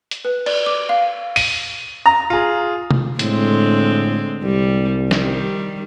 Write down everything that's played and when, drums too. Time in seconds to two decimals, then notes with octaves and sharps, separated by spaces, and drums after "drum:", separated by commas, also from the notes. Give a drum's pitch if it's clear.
0.11 drum: hi-hat
0.25 B4
0.46 D5, drum: cymbal
0.66 D6
0.89 F5
1.36 D#7, drum: open hi-hat
2.06 A#5
2.30 F4 G#4
2.91 drum: tom
3.19 A2 D3 G#3 C4, drum: hi-hat
4.43 C2 G3
5.11 D#3 G3, drum: snare